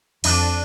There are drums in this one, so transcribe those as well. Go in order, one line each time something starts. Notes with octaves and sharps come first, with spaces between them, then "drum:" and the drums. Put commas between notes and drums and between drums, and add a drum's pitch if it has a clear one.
F2 D4, drum: cymbal